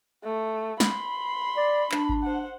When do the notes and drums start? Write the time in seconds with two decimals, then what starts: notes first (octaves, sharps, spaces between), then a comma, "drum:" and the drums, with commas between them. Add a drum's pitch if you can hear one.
0.23 A3
0.80 B5 C6, drum: snare
1.57 D5
1.92 D4, drum: clap
2.09 drum: kick G#1
2.23 C5 F#5